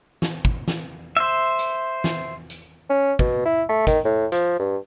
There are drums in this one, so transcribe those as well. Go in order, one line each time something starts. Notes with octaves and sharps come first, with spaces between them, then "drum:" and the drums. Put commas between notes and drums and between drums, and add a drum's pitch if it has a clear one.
drum: snare
drum: kick
drum: snare
C5 E5
drum: hi-hat
drum: snare
drum: hi-hat
C#4
B2, drum: kick
E4
A3
D#3, drum: kick, hi-hat
A2
F3, drum: hi-hat
G2